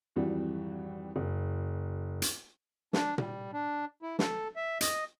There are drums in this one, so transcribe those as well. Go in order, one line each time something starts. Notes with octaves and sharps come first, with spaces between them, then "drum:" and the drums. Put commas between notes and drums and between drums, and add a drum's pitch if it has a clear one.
G#1 F2 E3 G3 F#4
F#1
drum: hi-hat
D4, drum: snare
G3, drum: tom A#2
D4
E4
A4, drum: snare
E5
D#5, drum: hi-hat